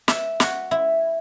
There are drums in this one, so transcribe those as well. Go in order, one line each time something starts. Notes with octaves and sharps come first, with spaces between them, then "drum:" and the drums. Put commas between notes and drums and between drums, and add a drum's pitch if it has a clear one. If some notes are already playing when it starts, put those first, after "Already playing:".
E5, drum: snare
F#4, drum: snare
E4